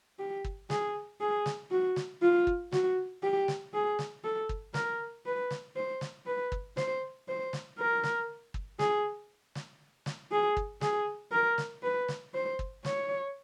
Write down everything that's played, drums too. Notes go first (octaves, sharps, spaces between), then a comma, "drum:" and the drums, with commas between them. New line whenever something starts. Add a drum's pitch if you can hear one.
G4
drum: kick
G#4, drum: snare
G#4
drum: snare
F#4
drum: snare
F4
drum: kick
F#4, drum: snare
G4
drum: snare
G#4
drum: snare
A4
drum: kick
A#4, drum: snare
B4
drum: snare
C5
drum: snare
B4
drum: kick
C5, drum: snare
C5
drum: snare
A#4
drum: snare
drum: kick
G#4, drum: snare
drum: snare
drum: snare
G#4
drum: kick
G#4, drum: snare
A#4
drum: snare
B4
drum: snare
C5
drum: kick
C#5, drum: snare